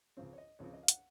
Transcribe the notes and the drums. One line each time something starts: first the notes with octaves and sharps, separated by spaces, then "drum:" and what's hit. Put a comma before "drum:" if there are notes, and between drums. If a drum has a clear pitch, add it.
C#2 C#3 F3 C4 C5
C#5
D#5
C#2 C#3 F3 C4 C#5
D#5
F5
F#5, drum: hi-hat